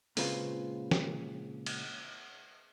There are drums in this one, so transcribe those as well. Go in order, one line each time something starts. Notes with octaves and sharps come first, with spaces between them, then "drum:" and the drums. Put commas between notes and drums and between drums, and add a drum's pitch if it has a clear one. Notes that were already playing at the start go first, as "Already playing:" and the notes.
A#2 C#3 G#3 C4 F4 B4, drum: open hi-hat
drum: snare
drum: cymbal